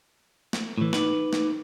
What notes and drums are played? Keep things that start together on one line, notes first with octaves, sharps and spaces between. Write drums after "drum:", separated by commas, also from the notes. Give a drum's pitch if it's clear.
drum: snare
A2 E3
D#4 B4 D6, drum: snare
drum: snare